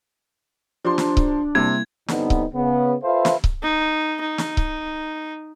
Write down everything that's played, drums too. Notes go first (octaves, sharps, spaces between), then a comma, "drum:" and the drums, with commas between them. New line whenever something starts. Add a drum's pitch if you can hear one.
F3 D4 G4 C5 A#5 C6
drum: snare
drum: kick C#1
C3 G3 A#3 E4 G#6
G2 D3 B3 C4 D#4, drum: snare
drum: kick C#1
C#3 B3
F4 A4 B4 C5 E5 F5
drum: snare
drum: kick C#1
D#4
D#4
drum: snare
drum: kick C#1